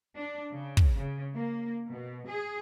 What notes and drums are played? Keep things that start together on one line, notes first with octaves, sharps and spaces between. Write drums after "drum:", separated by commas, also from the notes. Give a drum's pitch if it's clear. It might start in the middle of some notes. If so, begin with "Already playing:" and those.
D4
C#3
drum: kick
C#3
A#3
B2
G#4